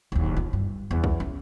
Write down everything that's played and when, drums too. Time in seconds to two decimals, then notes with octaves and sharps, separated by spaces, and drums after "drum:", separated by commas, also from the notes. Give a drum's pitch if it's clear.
0.12 D1 D#2
0.37 F4
0.53 G2
0.91 E2
1.04 drum: kick B1
1.20 C#4